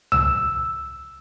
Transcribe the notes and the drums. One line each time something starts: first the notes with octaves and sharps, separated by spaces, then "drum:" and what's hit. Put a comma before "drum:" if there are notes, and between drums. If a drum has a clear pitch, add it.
E6, drum: tom C2